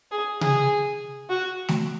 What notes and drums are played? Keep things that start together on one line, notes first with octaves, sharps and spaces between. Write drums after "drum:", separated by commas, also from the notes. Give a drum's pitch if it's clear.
G#4
G#4, drum: tom C3
F#4
drum: snare A3